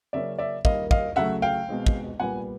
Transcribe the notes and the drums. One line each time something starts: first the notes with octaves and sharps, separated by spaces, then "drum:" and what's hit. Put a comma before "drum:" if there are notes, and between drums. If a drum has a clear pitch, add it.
C#3 F#3 A#3 C#4 D5 E5
D5 E5
D#3 G3 A#3 D#5 F5, drum: kick
D#5 F5, drum: kick
C#3 F#3 A3 E5 F#5
F5 G5
B2 G#3 C4
drum: kick
A#2 G3 B3 F#5 G#5